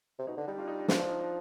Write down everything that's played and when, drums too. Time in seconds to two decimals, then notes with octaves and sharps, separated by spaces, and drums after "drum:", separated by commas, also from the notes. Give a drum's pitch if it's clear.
0.19 C3
0.27 B2 D#4
0.37 D3 D4
0.48 G3 D#4
0.58 D4 F4
0.68 D#4
0.79 D4
0.88 F3 D#4, drum: snare
0.99 D4 F4
1.09 D#4
1.19 D4